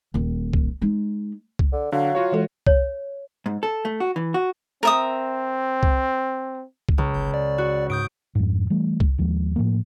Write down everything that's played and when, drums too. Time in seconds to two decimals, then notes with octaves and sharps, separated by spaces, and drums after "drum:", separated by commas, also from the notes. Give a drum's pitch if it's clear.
0.14 D#1 D#3
0.53 drum: kick C2
0.81 G#3 D#4
1.59 drum: kick C2
1.73 D3
1.92 D3 F#3 F5
2.15 F4 F#4 C#5
2.32 E3 G#3 A4
2.66 C#5, drum: kick C2
3.46 G#2
3.63 A4
3.85 A3
4.00 F#4
4.16 E3
4.34 F#4
4.83 C4 A#4 E5 D#6
5.83 drum: kick C2
6.89 drum: kick C2
6.98 C#2
7.14 G1
7.34 D5
7.58 F#4
7.90 G#2 D#6 G6 D7
8.35 F2 G#2
8.70 E3 G3 A3
9.00 drum: kick C2
9.18 D#2 F3 G#3
9.56 A2 F3 A#3